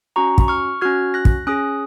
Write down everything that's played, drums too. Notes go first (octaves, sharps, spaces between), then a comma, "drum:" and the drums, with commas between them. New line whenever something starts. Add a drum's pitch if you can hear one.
C#4 F#4 A#5 C#6
drum: kick
C#6 F6
C#4 F#4 F6 G#6
F#6 A#6
drum: kick
C#4 G#4 D#6 F#6